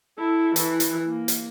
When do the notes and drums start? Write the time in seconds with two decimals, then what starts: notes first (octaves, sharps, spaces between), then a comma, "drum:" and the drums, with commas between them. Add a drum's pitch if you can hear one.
0.18 E4 A4
0.56 E3, drum: hi-hat
0.80 drum: hi-hat
1.07 A#3
1.28 drum: hi-hat